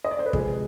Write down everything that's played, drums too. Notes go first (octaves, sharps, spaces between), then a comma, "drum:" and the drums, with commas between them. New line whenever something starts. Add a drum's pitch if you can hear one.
D#5
D5
C5
B4
C3 F3 G#3 G#4, drum: kick